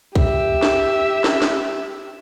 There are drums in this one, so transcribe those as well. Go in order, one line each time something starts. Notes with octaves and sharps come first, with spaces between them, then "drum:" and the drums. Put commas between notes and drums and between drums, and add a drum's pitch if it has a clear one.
G4 E5, drum: kick
drum: snare
drum: snare
drum: snare